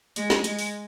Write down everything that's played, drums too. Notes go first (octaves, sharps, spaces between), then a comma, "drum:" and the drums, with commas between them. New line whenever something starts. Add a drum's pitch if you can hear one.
G#3, drum: hi-hat
drum: snare
G#3, drum: hi-hat
drum: open hi-hat